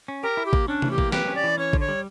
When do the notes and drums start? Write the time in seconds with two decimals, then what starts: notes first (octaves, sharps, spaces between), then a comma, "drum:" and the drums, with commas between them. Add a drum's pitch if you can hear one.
0.08 C#4
0.23 G4 A#4
0.37 E4
0.45 G4
0.53 A#3, drum: kick A1
0.68 C#4 D4
0.82 E3, drum: tom C3
0.91 G4
0.98 A#3, drum: kick A1
1.12 G4 B4, drum: snare
1.28 C#4
1.35 D5
1.44 E3
1.58 C#4 C#5
1.73 D3, drum: kick A1
1.80 C#5
1.88 G3